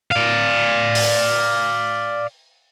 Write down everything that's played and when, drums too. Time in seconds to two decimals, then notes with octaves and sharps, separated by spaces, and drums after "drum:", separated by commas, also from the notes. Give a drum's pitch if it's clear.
0.12 D5 F5
0.95 drum: open hi-hat